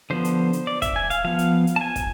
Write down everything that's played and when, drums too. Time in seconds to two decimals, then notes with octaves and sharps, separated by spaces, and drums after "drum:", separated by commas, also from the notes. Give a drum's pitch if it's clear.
0.10 D3 F3 B3 C5
0.25 drum: hi-hat
0.53 drum: hi-hat
0.67 D5
0.82 E5, drum: kick, hi-hat
0.96 G#5
1.10 F5, drum: hi-hat
1.24 F3 B3 F5
1.39 drum: hi-hat
1.67 drum: hi-hat
1.76 A5
1.81 G#5
1.96 drum: kick, hi-hat